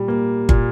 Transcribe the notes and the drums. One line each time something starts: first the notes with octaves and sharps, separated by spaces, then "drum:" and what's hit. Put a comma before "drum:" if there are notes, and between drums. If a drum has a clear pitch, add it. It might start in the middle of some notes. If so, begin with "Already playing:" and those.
Already playing: A#2 G3
A#3
A#2, drum: kick